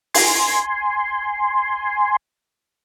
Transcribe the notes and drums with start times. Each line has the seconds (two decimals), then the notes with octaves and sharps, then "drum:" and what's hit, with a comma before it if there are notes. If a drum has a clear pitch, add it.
0.14 G#5 C6, drum: open hi-hat